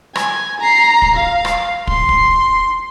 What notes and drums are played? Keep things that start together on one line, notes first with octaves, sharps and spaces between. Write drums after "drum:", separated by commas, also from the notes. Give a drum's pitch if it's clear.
G#5, drum: rim click
A#5 C7
drum: kick
F5
drum: rim click
C6, drum: kick
drum: kick